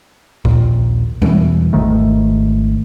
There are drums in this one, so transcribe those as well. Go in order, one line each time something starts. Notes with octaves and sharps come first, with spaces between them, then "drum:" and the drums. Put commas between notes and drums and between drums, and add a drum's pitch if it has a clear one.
A#1 D#2 A#2, drum: kick
E2 B2 E3, drum: tom G3
G#1 G#2 D#3 A3